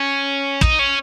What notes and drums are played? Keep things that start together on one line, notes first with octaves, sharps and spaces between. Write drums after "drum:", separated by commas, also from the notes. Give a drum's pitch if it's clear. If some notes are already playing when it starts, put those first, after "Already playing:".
Already playing: C#4
D#4, drum: kick
C#4